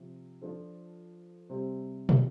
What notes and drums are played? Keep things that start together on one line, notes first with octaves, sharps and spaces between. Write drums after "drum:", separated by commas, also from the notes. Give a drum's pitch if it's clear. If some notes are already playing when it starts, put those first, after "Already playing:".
Already playing: C3 F3
F3 D4 F4 A4 C5
C3 G3 C4
drum: tom